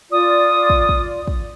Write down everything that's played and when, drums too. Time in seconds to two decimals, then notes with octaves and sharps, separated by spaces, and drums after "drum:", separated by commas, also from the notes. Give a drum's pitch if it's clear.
0.12 F4 D5 D#6
0.70 drum: kick
0.89 drum: kick
1.28 drum: kick